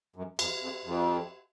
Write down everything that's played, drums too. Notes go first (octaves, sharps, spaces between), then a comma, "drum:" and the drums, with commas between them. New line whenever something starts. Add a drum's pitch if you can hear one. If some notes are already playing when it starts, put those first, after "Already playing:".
F#2
F2, drum: cymbal
F2
F2